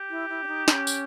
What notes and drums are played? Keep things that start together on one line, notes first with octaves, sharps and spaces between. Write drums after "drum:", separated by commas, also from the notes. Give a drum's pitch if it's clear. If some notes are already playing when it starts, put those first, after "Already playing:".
Already playing: G4
E4
E4
D4
D#4
C#4, drum: snare
drum: tambourine